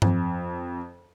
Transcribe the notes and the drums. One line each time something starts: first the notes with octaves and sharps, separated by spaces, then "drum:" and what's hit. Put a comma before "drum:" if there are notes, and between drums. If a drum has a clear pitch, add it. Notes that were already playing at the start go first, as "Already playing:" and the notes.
F2, drum: tom G2